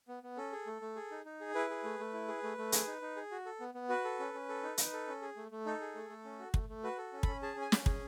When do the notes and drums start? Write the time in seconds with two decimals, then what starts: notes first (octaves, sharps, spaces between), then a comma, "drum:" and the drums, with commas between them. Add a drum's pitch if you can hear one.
0.08 B3
0.23 B3
0.37 C#4 A4
0.52 G#4
0.67 A3
0.82 A3
0.96 G#4
1.11 D#4
1.26 D#4
1.41 G#4
1.55 E4 B4
1.70 G#4
1.84 A3
1.99 A3
2.13 E4
2.28 G#4
2.43 A3
2.58 A3
2.72 G#4, drum: hi-hat
2.87 D#4
3.02 D#4
3.16 G#4
3.31 F#4
3.46 A4
3.60 B3
3.74 B3
3.89 F#4 B4
4.04 A4
4.19 C#4
4.34 C#4
4.49 A4
4.63 D#4
4.78 D#4, drum: hi-hat
4.93 A4
5.08 C#4
5.22 G#4
5.36 A3
5.51 A3
5.66 D#4 A4
5.81 G#4
5.95 A3
6.10 A3
6.25 C#4
6.39 F#4
6.54 A3, drum: kick
6.69 A3
6.84 F#4 B4
6.98 A4
7.13 C#4
7.23 C#4 B5, drum: kick
7.42 G#4 A5
7.56 C#4
7.62 G#5
7.72 C#4, drum: snare
7.86 G#4, drum: kick